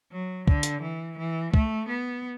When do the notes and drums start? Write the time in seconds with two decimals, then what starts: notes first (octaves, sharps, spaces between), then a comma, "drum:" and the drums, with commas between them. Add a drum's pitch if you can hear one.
0.12 F#3
0.47 D3, drum: kick
0.63 drum: hi-hat
0.82 E3
1.18 E3
1.54 A3, drum: kick
1.89 B3